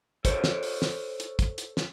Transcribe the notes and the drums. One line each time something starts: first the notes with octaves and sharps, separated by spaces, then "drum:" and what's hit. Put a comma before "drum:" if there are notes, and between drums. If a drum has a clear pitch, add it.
A4 C5 C#5, drum: kick, hi-hat
drum: snare
drum: open hi-hat
drum: snare
drum: hi-hat
drum: kick, hi-hat
drum: hi-hat
drum: snare